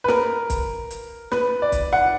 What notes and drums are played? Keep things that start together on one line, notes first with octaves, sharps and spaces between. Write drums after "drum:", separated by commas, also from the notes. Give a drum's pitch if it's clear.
B4
A#4, drum: snare
drum: kick, hi-hat
drum: hi-hat
B4, drum: snare
D5
drum: kick, hi-hat
F#5